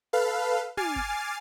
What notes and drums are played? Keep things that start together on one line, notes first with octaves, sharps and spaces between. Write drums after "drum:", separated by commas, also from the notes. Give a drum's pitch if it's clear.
A4 B4 F5
G#5 D6 F6 A6 C7, drum: tom
drum: kick G1